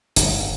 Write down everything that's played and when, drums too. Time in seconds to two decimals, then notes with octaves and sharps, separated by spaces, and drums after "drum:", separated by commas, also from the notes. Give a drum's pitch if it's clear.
0.16 G1, drum: hi-hat